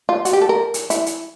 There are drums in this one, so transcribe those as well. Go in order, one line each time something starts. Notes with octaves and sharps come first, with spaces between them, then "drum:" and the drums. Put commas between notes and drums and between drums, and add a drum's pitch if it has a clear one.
F4
F#4, drum: hi-hat
G4
A4
A#4
drum: hi-hat
E4, drum: hi-hat
drum: hi-hat